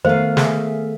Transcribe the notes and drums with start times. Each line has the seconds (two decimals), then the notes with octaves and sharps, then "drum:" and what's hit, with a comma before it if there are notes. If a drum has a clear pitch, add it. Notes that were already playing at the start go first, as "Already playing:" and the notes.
0.05 D#3 A3 B3 A#4 C5 F5
0.37 G#4 E5, drum: snare